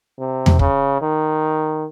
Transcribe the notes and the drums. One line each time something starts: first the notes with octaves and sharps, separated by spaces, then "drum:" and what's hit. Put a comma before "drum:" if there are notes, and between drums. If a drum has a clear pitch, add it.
C3
drum: tom E2
C#3, drum: kick
D#3